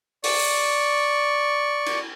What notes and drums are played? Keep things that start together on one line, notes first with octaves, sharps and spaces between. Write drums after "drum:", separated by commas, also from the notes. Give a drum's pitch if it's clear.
D5 C#6, drum: open hi-hat
drum: cymbal